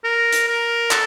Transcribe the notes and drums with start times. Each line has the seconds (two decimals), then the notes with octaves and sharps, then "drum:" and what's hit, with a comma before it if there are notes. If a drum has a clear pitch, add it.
0.04 A#4
0.33 drum: hi-hat
0.48 A#4
0.91 A4, drum: clap